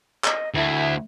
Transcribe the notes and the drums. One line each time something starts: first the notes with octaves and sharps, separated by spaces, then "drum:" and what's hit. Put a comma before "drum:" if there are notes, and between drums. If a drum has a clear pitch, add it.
D#5, drum: clap
D2 E4